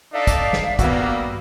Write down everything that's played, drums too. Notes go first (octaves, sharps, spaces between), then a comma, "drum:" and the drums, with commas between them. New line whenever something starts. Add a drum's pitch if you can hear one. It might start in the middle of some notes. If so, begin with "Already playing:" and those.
D4 D#4 A4 D5 E5 F5
drum: kick, hi-hat
drum: snare
G2 D#3 G3 A#3 B3 F#4 E6, drum: kick, hi-hat